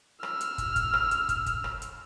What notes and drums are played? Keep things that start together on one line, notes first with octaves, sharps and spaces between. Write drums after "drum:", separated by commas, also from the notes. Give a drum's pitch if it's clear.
E6 F6, drum: rim click
drum: hi-hat
drum: kick, hi-hat
drum: kick, hi-hat
drum: rim click
drum: hi-hat
drum: kick, hi-hat
drum: kick, hi-hat
drum: rim click
drum: hi-hat